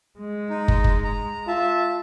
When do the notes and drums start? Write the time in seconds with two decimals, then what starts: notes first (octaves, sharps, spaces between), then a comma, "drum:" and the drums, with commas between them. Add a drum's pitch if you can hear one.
0.19 G#3
0.50 D#4
0.68 drum: kick
0.84 drum: kick
1.04 A#5
1.48 F4 E5 A5